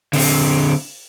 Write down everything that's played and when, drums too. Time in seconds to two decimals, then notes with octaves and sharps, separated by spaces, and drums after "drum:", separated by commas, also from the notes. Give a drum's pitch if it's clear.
0.13 D3 C4, drum: open hi-hat